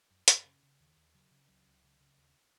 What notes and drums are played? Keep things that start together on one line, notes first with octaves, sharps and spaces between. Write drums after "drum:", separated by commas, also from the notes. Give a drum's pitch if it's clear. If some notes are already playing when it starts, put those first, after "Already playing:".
F#2
F#2, drum: hi-hat
C#3 C#4
C#3
D#2 D#3
D#2
C#3 F#3
C#3
C#2 F#3
C#2
C#3
C#3
D#2